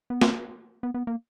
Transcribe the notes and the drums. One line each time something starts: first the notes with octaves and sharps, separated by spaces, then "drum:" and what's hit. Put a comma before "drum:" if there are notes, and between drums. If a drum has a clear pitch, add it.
B3
C4, drum: snare
B3
B3
A#3